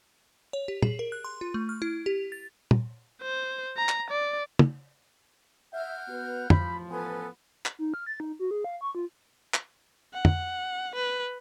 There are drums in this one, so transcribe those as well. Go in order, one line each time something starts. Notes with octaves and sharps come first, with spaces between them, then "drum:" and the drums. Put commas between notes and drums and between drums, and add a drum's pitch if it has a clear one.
C#5
G4
G#4, drum: tom
A#4
F#6
C6
F4
A3
F6
E4
G4
A6
drum: tom
C5
A#5
drum: clap
D5
drum: tom
E5 F#5 F6 G6
B3 F#4 B4
A1 F3 B5, drum: tom
B3 A4 B4 G#5
drum: clap
D#4
F6
A6
D#4
F#4
G#4
F5
C#6
F4
drum: clap
F#5
drum: tom
B4